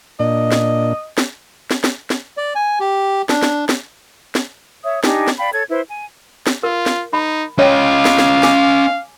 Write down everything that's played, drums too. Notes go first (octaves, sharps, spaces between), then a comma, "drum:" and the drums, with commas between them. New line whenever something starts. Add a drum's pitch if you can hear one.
A#2 D4 D#5
drum: snare
drum: snare
drum: snare
drum: snare
drum: snare
D5
G#5
G4
D4, drum: snare
drum: snare
drum: snare
drum: snare
C#5 E5 D#6
D4 D#4 G4 G#5, drum: snare
drum: snare
D5 F5 G5 B5
A4 C#5 G#6
E4 B4 C5
G#5
drum: snare
F4 A#4
drum: snare
D#4 B5
C#4 C#5 D#5 F5 G5
drum: snare
drum: snare
G#5 D6, drum: snare